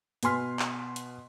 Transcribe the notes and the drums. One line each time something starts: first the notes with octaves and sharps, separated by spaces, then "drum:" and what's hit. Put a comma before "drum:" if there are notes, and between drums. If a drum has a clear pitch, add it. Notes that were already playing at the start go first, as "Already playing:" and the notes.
B2 B4 G#5 C6 F6 B6, drum: hi-hat
drum: clap
drum: hi-hat